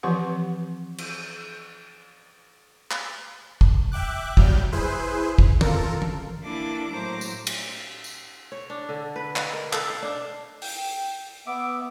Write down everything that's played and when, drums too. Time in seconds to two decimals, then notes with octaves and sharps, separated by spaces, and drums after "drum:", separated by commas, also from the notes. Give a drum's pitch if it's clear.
0.03 E3 F3 C4 G4 B4 F#5
0.98 drum: cymbal
2.91 drum: clap
3.61 drum: kick
3.92 E5 G5 D6 F#6
4.37 D#2 F#3 G3 F6 G6, drum: kick
4.72 E4 G#4 B4 C5
5.39 drum: kick
5.61 F4 A4 A#4, drum: tom
6.02 drum: tom
6.43 E3 A#3 D4 E4 A4 D6
6.89 A2 F#3 A#3 C5 A#5 D6
7.21 drum: tambourine
7.47 drum: cymbal
8.04 drum: tambourine
8.52 C#5
8.70 D4
8.89 D3
9.16 B4
9.36 D#4, drum: clap
9.53 A#4
9.73 A4, drum: clap
9.90 F5
10.03 D4
10.62 G5, drum: open hi-hat
11.47 B3 E5 D6